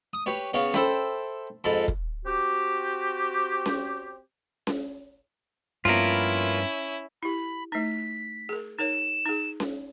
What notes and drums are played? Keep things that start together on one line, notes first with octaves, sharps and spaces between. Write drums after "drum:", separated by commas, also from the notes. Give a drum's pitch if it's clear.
D#6
G4 B4 C#5
C#3 B3 C#5 F5
A4 C5 E5 G5 B5, drum: snare C#4
F2 G#2 A4 B5
drum: kick
C4 F#4 G4
drum: snare C#4
drum: snare C#4
G2 F3 A#3 B3 C#4 E4 F4 A#4
E4 G4 B5
A3 D#4 B6
G#4 A#4
D#4 A#4 C#5 E7
D#4 G#4
drum: snare C#4